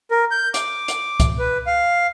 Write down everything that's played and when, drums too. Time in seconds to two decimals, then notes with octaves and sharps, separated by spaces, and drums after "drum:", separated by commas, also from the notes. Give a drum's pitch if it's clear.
0.11 A#4
0.31 G6
0.54 D6, drum: hi-hat
0.88 drum: hi-hat
1.20 drum: kick C2, hi-hat
1.39 B4
1.67 F5